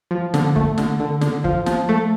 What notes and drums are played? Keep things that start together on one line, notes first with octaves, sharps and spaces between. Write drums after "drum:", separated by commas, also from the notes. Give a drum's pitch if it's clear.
F3
D3, drum: snare
A3, drum: kick
D3, drum: snare
D3
D3, drum: snare
F3, drum: kick
F3, drum: snare
A3